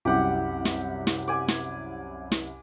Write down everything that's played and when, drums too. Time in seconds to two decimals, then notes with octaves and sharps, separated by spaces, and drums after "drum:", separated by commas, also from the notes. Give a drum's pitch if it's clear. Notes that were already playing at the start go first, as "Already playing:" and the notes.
0.05 C2 F#2 E4 G4 F#5
0.65 drum: snare
1.07 drum: snare
1.28 D5 G#5
1.48 drum: snare
2.32 drum: snare